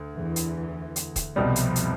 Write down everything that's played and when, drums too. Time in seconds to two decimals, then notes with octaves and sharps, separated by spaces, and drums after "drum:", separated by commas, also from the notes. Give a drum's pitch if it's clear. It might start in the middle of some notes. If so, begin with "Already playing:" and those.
Already playing: D2
0.15 E2 E3
0.36 drum: hi-hat
0.96 drum: hi-hat
1.16 drum: kick, hi-hat
1.36 C2 F2 B2 F3 G3
1.56 drum: hi-hat
1.76 drum: hi-hat